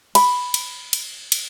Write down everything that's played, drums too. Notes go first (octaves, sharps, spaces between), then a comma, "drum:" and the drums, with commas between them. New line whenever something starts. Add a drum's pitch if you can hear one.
B5, drum: cymbal
drum: cymbal
drum: cymbal
drum: cymbal